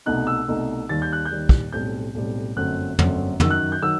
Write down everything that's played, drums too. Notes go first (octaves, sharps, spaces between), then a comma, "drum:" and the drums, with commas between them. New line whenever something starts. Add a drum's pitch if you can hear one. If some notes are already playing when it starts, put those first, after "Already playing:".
C2 B2 A3 D#4 F#6
E6
C2 B2 A3 D#4
D#2 D#3 G3 A6
G6
F#6
G6
D#2 D#3 G3
drum: kick
B1 A2 G3 C4 G6
B1 A2 G3 C4
G1 F#2 F#3 A3 C4 F#6
G1 F#2 F#3 A3 C4, drum: tom
F#2 D#3 F#3 E6, drum: tom
F#6
G6
D#3 F#3 E6